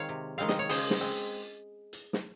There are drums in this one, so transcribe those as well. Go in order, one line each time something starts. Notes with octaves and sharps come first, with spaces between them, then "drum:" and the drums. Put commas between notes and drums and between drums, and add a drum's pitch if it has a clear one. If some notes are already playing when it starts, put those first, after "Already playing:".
Already playing: D#3 G#3 C4 C#5 F5
C3
D#3 G#3 C4 F5
D#5, drum: snare
C#5
C#3 G#4 C5, drum: open hi-hat
drum: snare
G#3 C4
drum: hi-hat
drum: hi-hat
drum: snare